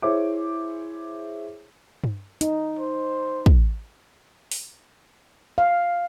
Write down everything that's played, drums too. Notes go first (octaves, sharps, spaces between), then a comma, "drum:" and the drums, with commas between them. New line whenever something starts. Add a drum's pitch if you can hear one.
E4 G#4 C5 C#5 E5 D6
drum: tom G2
D#4, drum: hi-hat
C5
drum: kick
drum: open hi-hat
F5